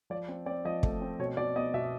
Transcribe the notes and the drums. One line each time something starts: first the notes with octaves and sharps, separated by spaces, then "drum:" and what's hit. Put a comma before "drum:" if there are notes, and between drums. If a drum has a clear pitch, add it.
F3 D5
C4
C4 D5
F3 D#5
A3, drum: kick
C4
B2 C#5
B2 D5
B3 D#5
B2 E5